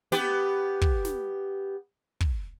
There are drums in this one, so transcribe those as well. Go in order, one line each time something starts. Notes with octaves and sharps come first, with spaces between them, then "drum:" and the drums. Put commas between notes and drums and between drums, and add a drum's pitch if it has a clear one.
B3 G4, drum: snare
drum: kick
drum: snare
drum: kick